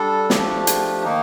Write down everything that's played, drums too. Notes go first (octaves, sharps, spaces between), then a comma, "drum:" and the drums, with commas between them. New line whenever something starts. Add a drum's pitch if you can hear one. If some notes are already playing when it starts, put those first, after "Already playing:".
Already playing: G3 D4 A4
F3 A3 D4 G4, drum: snare
drum: hi-hat
D#3 A#3 D#4